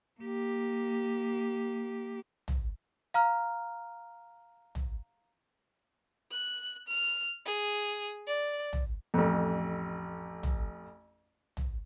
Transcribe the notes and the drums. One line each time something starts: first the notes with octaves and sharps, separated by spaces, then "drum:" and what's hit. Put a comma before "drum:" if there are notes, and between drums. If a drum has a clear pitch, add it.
A#3 G4
drum: tom
F5 A#5 F6
drum: tom
F#6
F6
G#4
D5
drum: tom
A1 F2
drum: tom
drum: tom